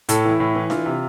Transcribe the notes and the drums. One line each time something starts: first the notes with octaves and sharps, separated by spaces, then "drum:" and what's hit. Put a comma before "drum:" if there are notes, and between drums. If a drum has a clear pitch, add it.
A2 A4, drum: hi-hat
E3 E4
A2
E3
E3 F4, drum: snare D4
C3